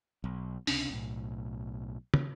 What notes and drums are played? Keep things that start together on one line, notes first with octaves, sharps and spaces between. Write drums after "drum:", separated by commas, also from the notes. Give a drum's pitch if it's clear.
B1
C#2 C3 C#4 D4, drum: open hi-hat
B1 A2
drum: tom